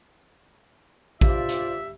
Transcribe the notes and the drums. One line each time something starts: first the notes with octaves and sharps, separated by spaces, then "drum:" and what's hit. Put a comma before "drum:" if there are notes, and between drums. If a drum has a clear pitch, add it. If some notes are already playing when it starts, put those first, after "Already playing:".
G2 F4 C5 D5 E5, drum: kick A1
drum: hi-hat